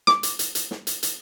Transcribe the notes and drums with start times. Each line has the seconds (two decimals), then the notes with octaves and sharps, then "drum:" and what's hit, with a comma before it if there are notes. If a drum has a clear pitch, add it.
0.07 D6, drum: snare
0.23 drum: hi-hat
0.39 drum: hi-hat
0.55 drum: hi-hat
0.71 drum: snare
0.87 drum: hi-hat
1.03 drum: hi-hat